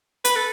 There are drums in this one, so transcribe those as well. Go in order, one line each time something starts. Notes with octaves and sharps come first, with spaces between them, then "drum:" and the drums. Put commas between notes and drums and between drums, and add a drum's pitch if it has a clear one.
B4, drum: hi-hat
A4